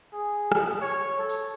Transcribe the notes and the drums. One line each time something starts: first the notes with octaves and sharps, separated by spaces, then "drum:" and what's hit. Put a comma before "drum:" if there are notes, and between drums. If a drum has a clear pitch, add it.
G#4
drum: rim click
C#5
A4
drum: open hi-hat